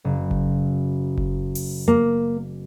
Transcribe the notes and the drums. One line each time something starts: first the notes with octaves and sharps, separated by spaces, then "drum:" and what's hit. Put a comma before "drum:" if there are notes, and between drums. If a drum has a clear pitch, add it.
F#1
drum: kick F#1
drum: kick F#1
drum: open hi-hat
A#3